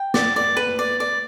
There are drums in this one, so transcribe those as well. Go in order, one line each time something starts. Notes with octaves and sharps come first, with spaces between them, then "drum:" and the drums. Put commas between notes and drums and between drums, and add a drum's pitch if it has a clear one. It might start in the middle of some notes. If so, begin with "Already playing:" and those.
Already playing: G5
D5, drum: snare
D5
B4
D5
D5